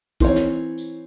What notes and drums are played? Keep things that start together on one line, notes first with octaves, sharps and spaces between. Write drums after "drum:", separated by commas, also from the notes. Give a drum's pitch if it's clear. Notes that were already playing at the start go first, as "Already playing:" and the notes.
E3 C4 A#4 C#5, drum: kick, tambourine
drum: snare
drum: tambourine